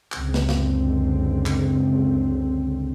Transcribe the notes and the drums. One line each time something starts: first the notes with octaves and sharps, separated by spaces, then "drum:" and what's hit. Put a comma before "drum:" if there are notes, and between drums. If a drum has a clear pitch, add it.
C#2 F#2 D3 C4, drum: clap
drum: snare
drum: snare
drum: clap